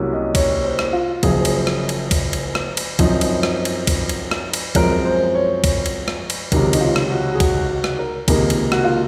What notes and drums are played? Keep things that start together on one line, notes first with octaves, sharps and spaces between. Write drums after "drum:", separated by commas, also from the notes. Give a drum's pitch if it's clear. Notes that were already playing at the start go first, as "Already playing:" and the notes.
Already playing: C2 C3 F#3 A#3 C#4
D#5
C#5, drum: kick C2, cymbal
C5
drum: rim click
F4
F#1 F#2 F3 G#4, drum: kick C2, cymbal
drum: cymbal
drum: rim click
drum: cymbal
drum: kick C2, cymbal
drum: cymbal
drum: rim click
drum: cymbal
F#2 F3 C4 D#4, drum: kick C2, cymbal
drum: cymbal
drum: rim click
drum: cymbal
drum: kick C2, cymbal
drum: cymbal
drum: rim click
drum: cymbal
F#2 F3 G#3 C4 A#4, drum: kick C2, cymbal
C5
C5
C#5
drum: kick C2, cymbal
drum: cymbal
drum: rim click
drum: cymbal
C#2 C3 D#3 F#3 A#4, drum: kick C2, cymbal
D#4, drum: cymbal
F4
drum: rim click
F#4
G#4
F#4, drum: kick C2, cymbal
F#4
drum: rim click
A#4
C#2 C3 D#3 A#3 G#4, drum: kick C2, cymbal
drum: cymbal
F#4, drum: rim click
F4